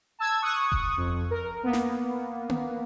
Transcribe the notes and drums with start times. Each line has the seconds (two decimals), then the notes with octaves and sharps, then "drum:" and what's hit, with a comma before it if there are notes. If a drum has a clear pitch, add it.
0.19 A5 E6 G#6
0.42 C#6 D#6 F#6
0.72 drum: kick F1
0.97 F2
1.31 A#4
1.63 A#3 B3
1.73 drum: snare
2.49 drum: tom A#3